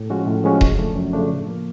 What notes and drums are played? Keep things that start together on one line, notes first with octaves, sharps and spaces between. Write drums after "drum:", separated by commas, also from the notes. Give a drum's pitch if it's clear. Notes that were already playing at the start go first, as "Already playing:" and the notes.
Already playing: A2
F3 G#3 C#4 F#4
A2
F3 G#3 C#4 F#4
F#2, drum: kick D#1
C#3 F3 A3 D4
F#2
C#3 F3 A3 D4
A2
F3 A#3